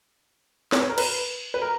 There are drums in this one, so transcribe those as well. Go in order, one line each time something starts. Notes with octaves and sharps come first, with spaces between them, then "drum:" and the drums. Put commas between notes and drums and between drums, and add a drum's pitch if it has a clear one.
C#5, drum: snare
B4
A#4
B4, drum: cymbal
B4
A#4